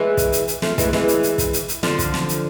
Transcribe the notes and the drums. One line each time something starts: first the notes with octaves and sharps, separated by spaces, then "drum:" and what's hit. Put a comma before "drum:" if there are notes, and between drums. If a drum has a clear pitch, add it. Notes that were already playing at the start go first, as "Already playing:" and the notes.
Already playing: E3 G#3
drum: kick, hi-hat
drum: hi-hat
drum: hi-hat
F3 A3, drum: snare
E3 G#3, drum: kick, hi-hat
E3 G#3, drum: snare
drum: hi-hat
drum: hi-hat
drum: kick, hi-hat
drum: hi-hat
drum: hi-hat
D3 F3, drum: snare
drum: kick, hi-hat
drum: snare
drum: hi-hat